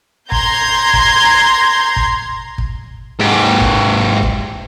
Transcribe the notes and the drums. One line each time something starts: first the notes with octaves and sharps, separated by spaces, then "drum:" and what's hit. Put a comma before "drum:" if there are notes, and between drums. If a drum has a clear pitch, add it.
A#5 C6 G6 G#6, drum: kick
drum: kick
drum: kick
drum: kick
G#2 G4
drum: kick
drum: kick